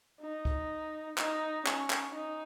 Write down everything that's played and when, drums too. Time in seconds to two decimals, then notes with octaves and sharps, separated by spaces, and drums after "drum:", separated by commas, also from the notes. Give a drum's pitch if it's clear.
0.21 D#4
0.45 drum: kick
1.18 D#4, drum: clap
1.67 C#4, drum: clap
1.90 drum: clap
2.15 D#4